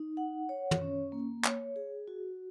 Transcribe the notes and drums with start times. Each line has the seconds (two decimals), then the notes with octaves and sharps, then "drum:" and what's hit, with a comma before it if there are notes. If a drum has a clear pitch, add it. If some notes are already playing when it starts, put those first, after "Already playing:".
Already playing: D#4
0.17 F#5
0.49 C#5
0.71 drum: tom
0.81 C#4
1.12 A#3
1.44 C#5, drum: clap
1.76 G#4
2.08 F#4